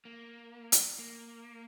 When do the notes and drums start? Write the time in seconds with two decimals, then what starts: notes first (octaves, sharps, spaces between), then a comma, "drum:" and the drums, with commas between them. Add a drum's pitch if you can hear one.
0.05 A#3
0.72 drum: hi-hat
0.99 A#3